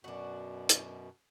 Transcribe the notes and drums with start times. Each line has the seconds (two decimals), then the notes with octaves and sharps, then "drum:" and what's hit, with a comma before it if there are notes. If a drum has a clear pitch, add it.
0.04 F#2 B2 D4 F#4
0.69 drum: hi-hat